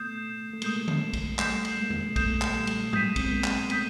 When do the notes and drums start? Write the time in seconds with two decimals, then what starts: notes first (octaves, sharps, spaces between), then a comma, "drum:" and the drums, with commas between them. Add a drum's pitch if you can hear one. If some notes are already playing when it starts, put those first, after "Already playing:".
Already playing: A3 B3 D#6 G6 C7 E7
0.53 A3
0.62 G#3 A#3 D#6 G6 C7 E7, drum: cymbal
0.88 drum: tom D3
1.13 drum: kick A#1, cymbal
1.38 G3 A3 D#6 G6 C7 E7, drum: clap
1.65 drum: cymbal
1.77 G#3 A#3
1.90 drum: tom E2
2.16 A3 B3 D#6 G6 C7 E7, drum: kick A#1, cymbal
2.42 drum: clap
2.54 G3 A3
2.67 drum: cymbal
2.93 F#3 G#3 D#6 G6 B6 D#7, drum: tom G#2
3.16 C4, drum: kick A#1, cymbal
3.24 B3
3.31 G#3 A#3
3.44 drum: clap
3.70 A3 B3 D#6 G6 B6 D#7, drum: cymbal